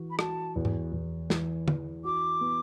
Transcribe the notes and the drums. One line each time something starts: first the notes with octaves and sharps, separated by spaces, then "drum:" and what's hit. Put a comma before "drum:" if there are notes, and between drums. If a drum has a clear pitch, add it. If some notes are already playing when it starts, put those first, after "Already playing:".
Already playing: E3 F#4
B5
F#4 A5, drum: rim click
E2
drum: tom G#2
E2
E3, drum: snare
E3, drum: tom
F#4 D6
B3